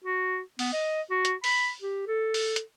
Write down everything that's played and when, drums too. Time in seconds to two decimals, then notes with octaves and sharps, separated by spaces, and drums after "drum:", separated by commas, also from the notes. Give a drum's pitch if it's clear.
0.04 F#4
0.59 B3, drum: open hi-hat
0.73 D#5
1.10 F#4
1.25 drum: hi-hat
1.44 B5, drum: open hi-hat
1.82 G4
2.07 A4
2.34 drum: open hi-hat
2.56 drum: hi-hat